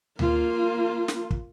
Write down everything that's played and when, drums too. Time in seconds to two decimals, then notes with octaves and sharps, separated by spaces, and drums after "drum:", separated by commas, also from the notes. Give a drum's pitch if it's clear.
0.19 A#3 F4, drum: tom D2
1.08 drum: snare
1.31 drum: kick